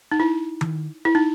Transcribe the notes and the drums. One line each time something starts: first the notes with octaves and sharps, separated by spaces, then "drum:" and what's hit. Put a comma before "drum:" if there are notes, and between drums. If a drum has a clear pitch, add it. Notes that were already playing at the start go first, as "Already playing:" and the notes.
D#4
E4
drum: tom D#3
E4
D#4